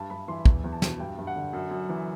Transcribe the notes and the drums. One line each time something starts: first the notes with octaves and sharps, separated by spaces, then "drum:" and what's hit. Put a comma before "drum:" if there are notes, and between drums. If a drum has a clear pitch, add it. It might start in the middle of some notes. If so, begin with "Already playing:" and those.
Already playing: G2 A5
G2 B5
E3 C6
E2, drum: kick
E2
A5
B2, drum: snare
G2 G5
G2
F#5
D3
F#2
F#2
E3